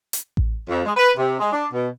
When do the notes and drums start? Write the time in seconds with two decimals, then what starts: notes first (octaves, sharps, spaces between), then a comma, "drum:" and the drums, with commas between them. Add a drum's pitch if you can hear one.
0.13 drum: hi-hat
0.37 drum: kick A1
0.69 F2
0.85 G#3
0.97 B4
1.18 C3
1.40 G#3
1.52 D4
1.73 B2